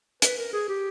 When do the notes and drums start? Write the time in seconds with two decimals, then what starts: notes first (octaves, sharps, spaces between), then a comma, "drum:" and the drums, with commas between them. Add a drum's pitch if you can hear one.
0.22 B4, drum: hi-hat
0.37 A#4
0.52 G#4
0.68 G4